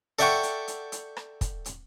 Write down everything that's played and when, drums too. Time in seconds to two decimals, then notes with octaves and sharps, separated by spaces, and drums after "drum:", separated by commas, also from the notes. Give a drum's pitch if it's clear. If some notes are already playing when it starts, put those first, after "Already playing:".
0.19 A4 D5 E5 F#5 G5 C#6
0.43 drum: hi-hat
0.68 drum: hi-hat
0.92 drum: hi-hat
1.17 drum: rim click
1.41 drum: kick, hi-hat
1.65 drum: hi-hat